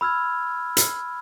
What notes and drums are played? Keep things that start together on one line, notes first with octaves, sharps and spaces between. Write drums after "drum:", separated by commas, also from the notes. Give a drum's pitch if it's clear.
B5 E6 F6 G#6
drum: hi-hat